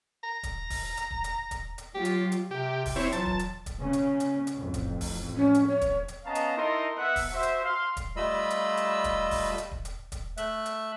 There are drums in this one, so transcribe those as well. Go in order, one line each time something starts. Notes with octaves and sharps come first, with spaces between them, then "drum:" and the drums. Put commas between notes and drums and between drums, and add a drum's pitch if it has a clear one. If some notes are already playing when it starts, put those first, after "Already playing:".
A#5
drum: kick, hi-hat
drum: kick, open hi-hat
drum: hi-hat
drum: kick
drum: hi-hat
drum: kick, hi-hat
drum: hi-hat
F#3 F4 G4
drum: hi-hat
drum: hi-hat
C3 G4
drum: kick, open hi-hat
C4 E4 C#5
E3 F#3 F4 A5, drum: hi-hat
drum: kick
drum: hi-hat
drum: kick, hi-hat
C#3 C#4
drum: hi-hat
drum: hi-hat
drum: hi-hat
A1 F2
drum: kick, hi-hat
drum: kick, open hi-hat
C#4
drum: hi-hat
C#5
drum: kick, hi-hat
drum: hi-hat
B3 C#4 D#5 F5 A5 A#5
drum: hi-hat
D#4 E4 A4 A#4 D#5 C6
B3 E5 F#5
drum: kick, open hi-hat
F#4 C5 E5
drum: hi-hat
F5 C6
drum: kick, hi-hat
G3 A3 F4 D#5 B5 E6
drum: hi-hat
drum: hi-hat
drum: kick, hi-hat
drum: kick, open hi-hat
drum: hi-hat
drum: kick
drum: hi-hat
drum: kick, hi-hat
A3 E5 F#6, drum: hi-hat
drum: hi-hat